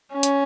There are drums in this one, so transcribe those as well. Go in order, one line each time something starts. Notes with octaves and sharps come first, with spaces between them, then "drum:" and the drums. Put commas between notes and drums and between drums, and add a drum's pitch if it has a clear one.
C#4
drum: hi-hat